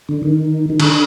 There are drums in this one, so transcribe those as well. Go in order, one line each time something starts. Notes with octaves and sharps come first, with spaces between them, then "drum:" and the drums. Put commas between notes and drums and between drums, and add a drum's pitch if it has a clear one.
D3
D#3
D#3
D3, drum: cymbal